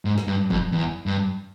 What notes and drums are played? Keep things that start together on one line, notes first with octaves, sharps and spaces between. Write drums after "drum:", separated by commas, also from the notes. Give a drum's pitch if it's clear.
G#2
drum: snare
G2
F2, drum: kick
E2
G2